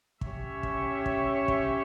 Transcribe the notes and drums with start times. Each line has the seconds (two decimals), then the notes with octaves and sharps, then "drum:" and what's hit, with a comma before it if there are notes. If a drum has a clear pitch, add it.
0.21 C#4 G4 C#5 E5, drum: kick
0.63 drum: kick
1.06 drum: kick
1.48 drum: kick